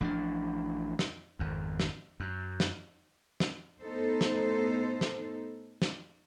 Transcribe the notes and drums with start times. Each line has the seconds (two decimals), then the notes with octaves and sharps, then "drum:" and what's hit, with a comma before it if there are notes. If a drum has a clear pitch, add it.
0.01 A1 F3 C#4 D4
0.99 drum: snare
1.39 G#1 F2
1.80 drum: snare
2.20 F#2
2.60 drum: snare
3.40 drum: snare
3.80 A2 B3 D#4 A4 C5
4.21 drum: snare
5.01 drum: snare
5.82 drum: snare